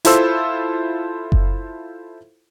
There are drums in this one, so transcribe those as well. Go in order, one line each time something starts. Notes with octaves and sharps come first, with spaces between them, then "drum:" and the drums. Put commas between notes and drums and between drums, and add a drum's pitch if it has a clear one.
E4 F4 A4 C5 E6, drum: hi-hat
drum: kick F#1